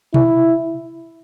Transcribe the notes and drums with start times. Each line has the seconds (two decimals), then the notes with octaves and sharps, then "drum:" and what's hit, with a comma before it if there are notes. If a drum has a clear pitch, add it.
0.14 E4, drum: tom B2